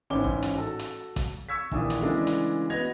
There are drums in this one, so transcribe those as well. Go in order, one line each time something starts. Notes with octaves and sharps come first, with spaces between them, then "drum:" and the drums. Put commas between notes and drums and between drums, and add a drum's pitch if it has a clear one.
A1 G#2 C#4 C5 D6 G7
drum: kick
drum: hi-hat
F#4 A4
drum: hi-hat
drum: kick, hi-hat
C#6 E6 G#6 B6
A#1 D#2 E3 D4 F4 D#6, drum: kick
drum: hi-hat
C#3 E3 G#3 A3 D4
drum: hi-hat
B3 F#4 D#5 G#6 A#6 F7